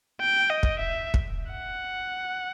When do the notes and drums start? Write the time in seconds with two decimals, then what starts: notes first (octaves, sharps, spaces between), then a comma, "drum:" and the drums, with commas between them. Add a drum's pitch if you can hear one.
0.21 G5
0.50 D#5
0.63 drum: kick
0.79 E5
1.14 drum: kick
1.51 F#5